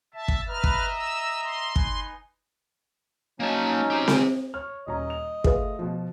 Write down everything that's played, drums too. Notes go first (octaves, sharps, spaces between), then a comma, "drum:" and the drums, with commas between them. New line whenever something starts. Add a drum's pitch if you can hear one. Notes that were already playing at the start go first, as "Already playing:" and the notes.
E5 A5
drum: kick
B4 D#5 E5 A#5 F6
drum: kick
E6
C6
D#4 B4 G#5, drum: kick
F#3 A#3 C#4 D#4 A5
C4 G4
drum: snare C4
C#5 F6
D#1 C#4 D#5 A#5
F7
A3 F4 G#4 B4 E5, drum: kick
B2 F3